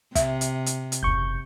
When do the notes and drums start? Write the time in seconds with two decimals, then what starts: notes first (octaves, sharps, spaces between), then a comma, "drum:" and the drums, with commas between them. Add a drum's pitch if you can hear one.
0.15 C3 E5, drum: kick, hi-hat
0.41 drum: hi-hat
0.66 drum: hi-hat
0.92 drum: hi-hat
1.03 F#1 D#2 C#6 G6